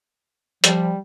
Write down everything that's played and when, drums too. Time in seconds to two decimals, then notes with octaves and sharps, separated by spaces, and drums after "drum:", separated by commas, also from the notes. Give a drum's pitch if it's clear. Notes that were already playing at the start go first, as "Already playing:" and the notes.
0.64 F3 G3, drum: hi-hat